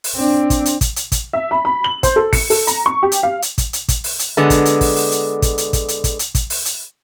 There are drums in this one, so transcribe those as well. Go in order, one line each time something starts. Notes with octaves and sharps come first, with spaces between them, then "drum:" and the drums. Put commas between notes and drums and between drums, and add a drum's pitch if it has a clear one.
drum: open hi-hat
C4 D4
drum: kick, hi-hat
drum: hi-hat
drum: kick, hi-hat
drum: hi-hat
drum: kick, hi-hat
E5
B5
B5
F#7
C5, drum: kick, hi-hat
A4
C#7, drum: kick, open hi-hat
A4, drum: open hi-hat
A#5, drum: hi-hat
C#6
G4
drum: hi-hat
F5
drum: hi-hat
drum: kick, hi-hat
drum: hi-hat
drum: kick, hi-hat
drum: open hi-hat
drum: hi-hat
D3 G#3 B3
drum: kick, hi-hat
drum: hi-hat
drum: kick, open hi-hat
drum: open hi-hat
drum: hi-hat
drum: kick, hi-hat
drum: hi-hat
drum: kick, hi-hat
drum: hi-hat
drum: kick, hi-hat
drum: hi-hat
drum: kick, hi-hat
drum: open hi-hat
drum: hi-hat